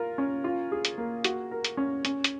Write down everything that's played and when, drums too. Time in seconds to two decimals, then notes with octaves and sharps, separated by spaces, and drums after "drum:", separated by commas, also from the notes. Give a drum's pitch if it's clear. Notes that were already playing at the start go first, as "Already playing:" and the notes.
Already playing: F4 A#4
0.18 C#4
0.44 F4
0.72 G#4
0.85 drum: hi-hat
0.98 A#3
1.24 F#4, drum: hi-hat
1.51 A#4
1.64 drum: hi-hat
1.77 C#4
2.05 C#4, drum: hi-hat
2.24 drum: hi-hat